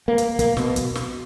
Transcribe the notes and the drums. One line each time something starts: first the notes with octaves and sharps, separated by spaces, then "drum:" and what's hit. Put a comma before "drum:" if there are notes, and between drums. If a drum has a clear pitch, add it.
A#3
drum: hi-hat
A#3, drum: kick, hi-hat
B2, drum: snare
drum: kick, hi-hat
drum: snare